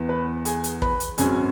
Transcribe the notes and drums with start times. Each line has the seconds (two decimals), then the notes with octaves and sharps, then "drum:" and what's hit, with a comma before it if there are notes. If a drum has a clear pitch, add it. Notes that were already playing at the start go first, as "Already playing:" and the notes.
Already playing: E2 E3 B3
0.09 B4 B5
0.45 G#4 G#5, drum: hi-hat
0.64 drum: hi-hat
0.82 B4 B5, drum: kick
1.00 drum: hi-hat
1.18 G#1 F#2 F#3 C#4 G#4 G#5, drum: hi-hat